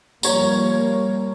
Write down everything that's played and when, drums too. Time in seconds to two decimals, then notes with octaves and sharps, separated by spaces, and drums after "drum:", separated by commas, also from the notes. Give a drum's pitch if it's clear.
0.23 F3 G3 A#3 C#5 A#5, drum: tambourine